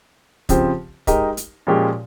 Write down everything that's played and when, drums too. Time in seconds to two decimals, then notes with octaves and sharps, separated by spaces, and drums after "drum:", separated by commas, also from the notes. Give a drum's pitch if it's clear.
0.49 C#3 F3 C4 G4 C5, drum: kick, hi-hat
1.07 G#3 D#4 G4 A#4 D#5, drum: kick, hi-hat
1.37 drum: hi-hat
1.67 A#2 F3 G#3 C#4 G4